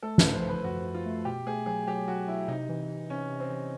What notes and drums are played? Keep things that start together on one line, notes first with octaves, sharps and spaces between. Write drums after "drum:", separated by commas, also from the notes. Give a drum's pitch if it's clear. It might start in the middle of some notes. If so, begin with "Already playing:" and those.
A3 A4
B4, drum: snare
F3
C5
F3 B4
F#2 F#4
F#2
F4
A3
B2 G4
A3 G#4
F#3 G#4
F#3 G4
F#3 F#4
F#3 E4
C3 D#4
E3
E3
C3 C#4
C3
C4
E3